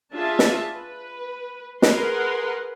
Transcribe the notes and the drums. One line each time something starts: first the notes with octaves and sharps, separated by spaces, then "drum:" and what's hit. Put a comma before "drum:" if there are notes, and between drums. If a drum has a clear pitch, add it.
D4 F4 G#4 E5 A5
drum: snare
B4
G#4 A#4 B4 F#5 C6, drum: snare